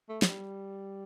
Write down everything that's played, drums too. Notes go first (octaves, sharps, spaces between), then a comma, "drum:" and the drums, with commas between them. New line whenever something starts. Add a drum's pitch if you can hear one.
A3
G3, drum: snare